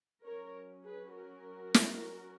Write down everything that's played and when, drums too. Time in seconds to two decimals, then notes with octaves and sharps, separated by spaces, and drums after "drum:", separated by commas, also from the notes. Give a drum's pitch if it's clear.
0.24 F#3 C#4 A#4 C#5
0.84 G#4 B4
1.14 F#4 A#4
1.74 drum: snare